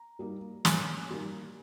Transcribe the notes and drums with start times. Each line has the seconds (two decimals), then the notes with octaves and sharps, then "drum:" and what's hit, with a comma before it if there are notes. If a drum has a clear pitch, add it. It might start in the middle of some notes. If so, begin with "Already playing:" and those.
Already playing: A#5
0.19 G3 A#3 D#4
0.65 A#2 G#5, drum: snare
1.11 G3 A#3 D#4